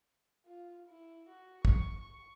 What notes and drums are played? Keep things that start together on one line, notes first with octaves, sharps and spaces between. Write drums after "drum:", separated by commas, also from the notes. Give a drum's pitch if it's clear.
F4
E4
F#4
C#6, drum: kick
C#6